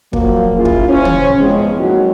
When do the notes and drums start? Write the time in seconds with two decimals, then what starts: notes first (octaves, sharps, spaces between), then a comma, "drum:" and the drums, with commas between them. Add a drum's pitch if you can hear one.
0.13 F3 F#3 A#3, drum: kick
0.56 C#4 E4 F4 G#4 A#4
0.65 drum: kick
0.89 C#4 C5
1.05 drum: tom
1.40 E2 F3 G#3 C4
1.80 F#3 G#3 A#3 D#4 F#4